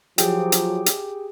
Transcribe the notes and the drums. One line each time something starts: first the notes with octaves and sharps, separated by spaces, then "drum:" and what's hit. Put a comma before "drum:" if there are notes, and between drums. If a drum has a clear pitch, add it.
F3 F#3 G4 G#4 G5, drum: hi-hat
drum: hi-hat
drum: hi-hat